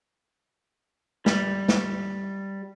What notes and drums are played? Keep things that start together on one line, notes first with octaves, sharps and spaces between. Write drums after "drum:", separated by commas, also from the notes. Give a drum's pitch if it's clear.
G3, drum: snare
drum: snare